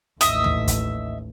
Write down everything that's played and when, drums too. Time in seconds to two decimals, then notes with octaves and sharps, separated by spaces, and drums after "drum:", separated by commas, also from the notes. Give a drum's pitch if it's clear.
0.21 A1 D#2 D#5 E5, drum: hi-hat
0.44 drum: tom D2
0.68 drum: kick, hi-hat